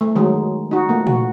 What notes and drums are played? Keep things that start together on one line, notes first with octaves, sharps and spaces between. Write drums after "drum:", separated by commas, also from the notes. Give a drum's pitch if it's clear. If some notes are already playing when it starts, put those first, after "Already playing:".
A3
D#3 F#3 G#3 D#4 G#4
D#4 F#4
F3 A3 A#3
F#4, drum: tom A#2